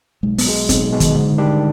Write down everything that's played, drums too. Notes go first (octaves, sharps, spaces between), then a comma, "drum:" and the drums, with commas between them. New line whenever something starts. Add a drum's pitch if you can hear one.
B1 G#3
B3, drum: open hi-hat
B2 G#3
B1 C4, drum: kick, hi-hat
B2 G#3
D#3, drum: kick, hi-hat
G#2 D3
D#3 G3 D4 G4